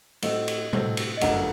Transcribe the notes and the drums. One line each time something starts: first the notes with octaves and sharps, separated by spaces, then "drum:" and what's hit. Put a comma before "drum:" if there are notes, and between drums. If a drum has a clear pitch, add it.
A2 A3 C4 F#4 A4 D#5, drum: cymbal
drum: cymbal
A2 A3 C4 F#4 A4, drum: tom A2
drum: cymbal
D#5
G1 F#2 D3 F#3 A3 F#5, drum: cymbal